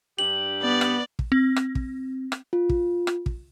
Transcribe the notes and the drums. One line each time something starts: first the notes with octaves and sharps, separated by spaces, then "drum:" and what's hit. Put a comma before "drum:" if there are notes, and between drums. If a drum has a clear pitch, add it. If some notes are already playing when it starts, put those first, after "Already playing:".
G2 D4 G4 F#7
B3 D5
drum: rim click
drum: kick
C4
drum: rim click
drum: kick
drum: rim click
F4
drum: kick
drum: rim click
drum: kick